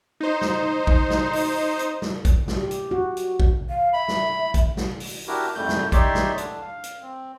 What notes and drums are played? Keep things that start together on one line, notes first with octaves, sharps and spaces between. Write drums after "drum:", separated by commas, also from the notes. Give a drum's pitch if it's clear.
D#4 C5
drum: snare
drum: kick A#1
drum: snare
drum: open hi-hat
drum: hi-hat
drum: snare
drum: kick A#1, hi-hat
drum: snare
G4
drum: hi-hat
F#4
drum: hi-hat
drum: kick A#1
F5
E5 B5
drum: snare
drum: kick A#1, hi-hat
drum: snare
drum: open hi-hat
D4 E4 F#4 G4 A#4
F2 G#2 C3 G3 A3 G6
drum: snare
D#4 G4 C#5 D5 E5 C6, drum: kick A#1, hi-hat
drum: snare
D3 D4, drum: hi-hat
F5
drum: hi-hat
C4